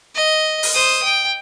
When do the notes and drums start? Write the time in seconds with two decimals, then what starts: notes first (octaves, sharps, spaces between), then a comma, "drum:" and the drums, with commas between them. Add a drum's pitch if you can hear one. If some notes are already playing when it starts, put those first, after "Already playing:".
0.15 D#5
0.63 drum: open hi-hat
0.74 C5 D#6
1.03 G5